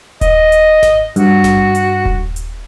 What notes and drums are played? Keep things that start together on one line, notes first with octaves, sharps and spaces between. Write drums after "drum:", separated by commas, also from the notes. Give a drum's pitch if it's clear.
D#5, drum: kick D#1, hi-hat
drum: hi-hat
drum: snare G#1
G2 F#4, drum: hi-hat
drum: snare G#1
drum: hi-hat
drum: kick D#1
drum: hi-hat